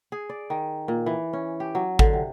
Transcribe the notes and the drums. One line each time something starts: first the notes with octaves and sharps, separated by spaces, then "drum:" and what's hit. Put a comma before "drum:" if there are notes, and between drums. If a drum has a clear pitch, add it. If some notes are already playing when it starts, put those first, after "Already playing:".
G#4
D5
D#3
A#2
E3
C#4
G4
F#3
D3, drum: kick
C3